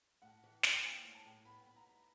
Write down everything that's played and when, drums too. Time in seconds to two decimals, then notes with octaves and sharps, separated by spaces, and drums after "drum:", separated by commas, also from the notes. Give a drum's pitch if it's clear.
0.22 A2 F#5
0.43 E3
0.63 C4, drum: snare
0.84 A#3 G#5
1.05 A2
1.15 A5
1.25 A2
1.45 B3 B5
1.66 B3 B5
1.76 A#5
1.87 D#4